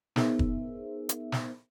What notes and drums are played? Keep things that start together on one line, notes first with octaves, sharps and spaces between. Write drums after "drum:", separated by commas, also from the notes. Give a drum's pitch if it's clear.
B3 D#4 G#4 A#4 C5 E5, drum: snare
drum: kick
drum: hi-hat
drum: snare